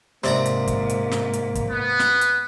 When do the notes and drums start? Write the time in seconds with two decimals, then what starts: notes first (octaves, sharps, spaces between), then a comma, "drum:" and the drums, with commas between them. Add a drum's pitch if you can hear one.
0.24 G#2 C3 A#3 D5 A#5, drum: snare
0.46 drum: hi-hat
0.68 drum: kick, hi-hat
0.90 drum: hi-hat
1.11 drum: snare
1.33 drum: hi-hat
1.55 drum: kick, hi-hat
1.70 B3
1.99 drum: snare
2.21 drum: hi-hat